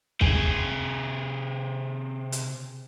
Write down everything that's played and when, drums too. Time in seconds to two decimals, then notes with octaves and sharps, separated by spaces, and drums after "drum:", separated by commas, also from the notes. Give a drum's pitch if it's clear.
0.21 C3 G#4, drum: kick
2.32 drum: hi-hat